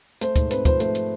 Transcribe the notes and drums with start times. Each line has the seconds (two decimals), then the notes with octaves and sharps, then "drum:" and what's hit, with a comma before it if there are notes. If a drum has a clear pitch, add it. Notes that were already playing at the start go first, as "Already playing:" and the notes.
0.21 A3 C5, drum: hi-hat
0.36 G#2, drum: kick, hi-hat
0.51 C4 B4, drum: hi-hat
0.65 F3 C5, drum: kick, hi-hat
0.80 A3 C5, drum: hi-hat
0.95 drum: hi-hat